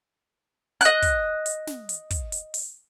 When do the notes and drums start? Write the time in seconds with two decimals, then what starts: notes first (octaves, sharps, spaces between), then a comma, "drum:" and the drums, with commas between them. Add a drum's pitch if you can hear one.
0.81 D#5 F#6, drum: hi-hat
1.02 drum: kick, hi-hat
1.46 drum: hi-hat
1.67 drum: snare
1.89 drum: hi-hat
2.11 drum: kick, hi-hat
2.32 drum: hi-hat
2.54 drum: open hi-hat